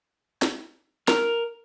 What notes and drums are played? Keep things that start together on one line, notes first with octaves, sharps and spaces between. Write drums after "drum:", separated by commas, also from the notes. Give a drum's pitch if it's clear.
drum: snare
A#4, drum: snare